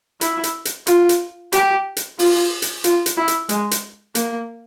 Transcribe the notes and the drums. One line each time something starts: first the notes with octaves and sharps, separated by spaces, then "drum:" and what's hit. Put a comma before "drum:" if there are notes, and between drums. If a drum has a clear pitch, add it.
E4, drum: hi-hat
drum: hi-hat
drum: hi-hat
F4, drum: hi-hat
drum: hi-hat
G4, drum: hi-hat
drum: hi-hat
F4, drum: open hi-hat
drum: hi-hat
F4, drum: hi-hat
drum: hi-hat
E4
drum: hi-hat
G#3, drum: hi-hat
drum: hi-hat
A#3, drum: hi-hat